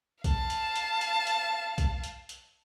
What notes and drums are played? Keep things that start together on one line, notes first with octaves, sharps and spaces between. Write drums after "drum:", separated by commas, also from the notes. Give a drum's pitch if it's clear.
F5 A5, drum: kick B1, hi-hat
drum: hi-hat
drum: hi-hat
drum: hi-hat
drum: hi-hat
drum: kick B1, hi-hat
drum: hi-hat
drum: hi-hat